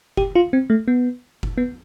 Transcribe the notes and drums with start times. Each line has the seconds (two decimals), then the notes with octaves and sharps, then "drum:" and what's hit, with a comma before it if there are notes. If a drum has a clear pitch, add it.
0.17 G4, drum: kick F#1
0.35 F4
0.53 C4
0.70 A3
0.88 B3
1.43 drum: kick F#1
1.58 B3